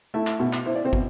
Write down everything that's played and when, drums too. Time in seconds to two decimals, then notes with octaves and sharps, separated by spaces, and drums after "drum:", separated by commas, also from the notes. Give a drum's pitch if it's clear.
0.14 A3 E4 E5
0.27 drum: clap
0.40 B2
0.53 drum: clap
0.66 E4 C5
0.75 D5
0.85 C4 C5
0.93 B2, drum: kick